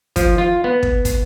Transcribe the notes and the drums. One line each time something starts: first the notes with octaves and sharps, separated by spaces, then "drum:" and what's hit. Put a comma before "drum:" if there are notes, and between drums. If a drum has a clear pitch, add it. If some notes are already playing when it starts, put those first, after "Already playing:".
F3, drum: kick, hi-hat
F4
B3
drum: kick
drum: kick, hi-hat